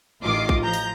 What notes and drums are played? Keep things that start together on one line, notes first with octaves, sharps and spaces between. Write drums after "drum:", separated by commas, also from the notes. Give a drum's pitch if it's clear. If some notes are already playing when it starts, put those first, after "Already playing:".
A1 D#3 F4 D#5 D6 C7
drum: kick A#1
F3 A#5 G6
drum: open hi-hat